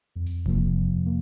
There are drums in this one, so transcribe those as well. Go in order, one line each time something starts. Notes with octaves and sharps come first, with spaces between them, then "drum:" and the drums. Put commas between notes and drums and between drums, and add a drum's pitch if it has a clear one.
F2
drum: hi-hat
C3 F3 A#3, drum: kick D#1
F2
A#3